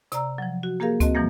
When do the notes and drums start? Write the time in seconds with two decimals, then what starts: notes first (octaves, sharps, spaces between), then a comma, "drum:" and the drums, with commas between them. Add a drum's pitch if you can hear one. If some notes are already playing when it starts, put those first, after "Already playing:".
0.12 C3 D5 A#5 E6, drum: hi-hat
0.38 F3 F#3
0.63 F#4
0.80 A#3 G4 G#4 A#4 F5
1.00 C4 F#4 D#5 A5, drum: kick C#2, hi-hat
1.15 F#2 B2 E3 F3 G3 A#3